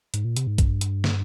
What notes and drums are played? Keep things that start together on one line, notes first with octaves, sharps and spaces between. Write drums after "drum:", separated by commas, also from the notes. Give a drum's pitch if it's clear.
G#2, drum: hi-hat
A#2
C3, drum: hi-hat
G#2
G2, drum: kick A#1, hi-hat
drum: hi-hat
drum: snare